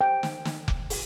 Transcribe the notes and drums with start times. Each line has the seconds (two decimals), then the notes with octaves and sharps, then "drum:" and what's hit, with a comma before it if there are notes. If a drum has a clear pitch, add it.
0.01 G5
0.23 drum: snare
0.45 drum: snare
0.68 drum: kick F1
0.90 drum: open hi-hat